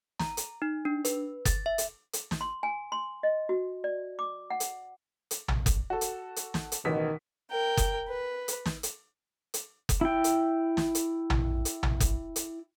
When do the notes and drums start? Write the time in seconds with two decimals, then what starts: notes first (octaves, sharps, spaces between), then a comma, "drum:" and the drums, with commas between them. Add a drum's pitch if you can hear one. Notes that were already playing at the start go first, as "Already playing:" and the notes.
0.19 A#5, drum: snare
0.37 drum: hi-hat
0.62 D#4
0.85 D4
1.05 B4, drum: hi-hat
1.45 A6, drum: kick F#1, hi-hat
1.66 E5
1.78 drum: hi-hat
2.13 drum: hi-hat
2.31 drum: snare
2.41 C6
2.63 G#5
2.92 C6
3.23 D#5
3.49 F#4
3.84 D5
4.19 D6
4.50 F#5
4.60 drum: hi-hat
5.31 drum: hi-hat
5.48 drum: tom A#1
5.66 drum: kick F#1, hi-hat
5.90 F#4 A4
6.01 drum: hi-hat
6.36 drum: hi-hat
6.54 drum: snare
6.72 drum: hi-hat
6.85 A1 B2 D#3 B6
7.51 A#4 G5
7.77 drum: kick F#1, hi-hat
8.08 B4
8.48 drum: hi-hat
8.66 drum: snare
8.83 drum: hi-hat
9.54 drum: hi-hat
9.89 drum: kick F#1, hi-hat
10.01 E4 G5
10.24 drum: hi-hat
10.77 drum: snare
10.95 drum: hi-hat
11.30 drum: tom A#1
11.65 drum: hi-hat
11.83 drum: tom A#1
12.00 drum: kick F#1, hi-hat
12.36 drum: hi-hat